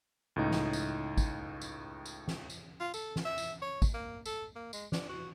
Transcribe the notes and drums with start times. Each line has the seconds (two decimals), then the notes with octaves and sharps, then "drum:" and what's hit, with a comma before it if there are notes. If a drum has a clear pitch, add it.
0.36 C#2 A2 D#4
0.51 drum: snare
0.73 drum: tambourine
1.17 drum: kick, tambourine
1.62 drum: tambourine
2.06 drum: tambourine
2.28 drum: snare
2.50 drum: tambourine
2.80 F4
2.94 A4, drum: tambourine
3.16 drum: snare
3.25 E5
3.38 drum: tambourine
3.62 C#5
3.82 drum: kick, tambourine
3.94 A#3
4.26 A4, drum: tambourine
4.55 A#3
4.73 G#3, drum: tambourine
4.92 D4, drum: snare
5.09 F#4